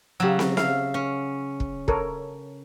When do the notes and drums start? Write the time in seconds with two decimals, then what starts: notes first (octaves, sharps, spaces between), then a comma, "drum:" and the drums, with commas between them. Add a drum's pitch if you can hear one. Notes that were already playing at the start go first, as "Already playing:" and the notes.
0.20 C#3 F#3 G4 E6
0.39 drum: snare
0.57 E5 F5, drum: snare
0.94 C#4
1.60 drum: kick
1.88 A4 A#4 C#5, drum: kick